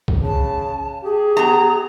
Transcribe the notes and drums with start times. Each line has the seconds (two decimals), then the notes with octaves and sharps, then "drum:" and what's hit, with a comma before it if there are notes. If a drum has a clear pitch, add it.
0.08 drum: kick B1
0.22 C#3 A5
1.03 G4 G#4
1.37 B3 A#5